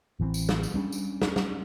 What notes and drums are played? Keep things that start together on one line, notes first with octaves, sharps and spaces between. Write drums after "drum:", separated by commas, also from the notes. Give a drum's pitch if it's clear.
A1 E3 F3 C4
drum: tambourine
drum: snare
drum: tambourine
G3 C#4 D4
drum: tambourine
drum: snare
drum: snare